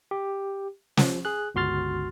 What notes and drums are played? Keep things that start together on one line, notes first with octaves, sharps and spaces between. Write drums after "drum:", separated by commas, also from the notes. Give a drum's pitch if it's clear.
G4
F3, drum: snare
G#4 F#6
G1 C#2 F#4 C6 F6 A6